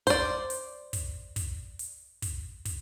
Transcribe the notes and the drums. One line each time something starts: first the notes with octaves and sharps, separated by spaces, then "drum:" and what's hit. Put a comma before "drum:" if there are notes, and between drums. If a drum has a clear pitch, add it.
C5 D5, drum: kick, hi-hat
drum: hi-hat
drum: kick, hi-hat
drum: kick, hi-hat
drum: hi-hat
drum: kick, hi-hat
drum: kick, hi-hat